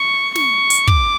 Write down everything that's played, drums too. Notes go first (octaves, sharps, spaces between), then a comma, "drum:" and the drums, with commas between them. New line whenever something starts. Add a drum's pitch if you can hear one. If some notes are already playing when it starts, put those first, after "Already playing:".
Already playing: C#6
C#6, drum: snare
drum: hi-hat
D6, drum: kick